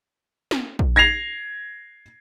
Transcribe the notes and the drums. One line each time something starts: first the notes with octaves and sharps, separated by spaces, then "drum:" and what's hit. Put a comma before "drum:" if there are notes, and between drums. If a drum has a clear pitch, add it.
drum: snare
drum: kick A#1
G#6 A#6 C7 F7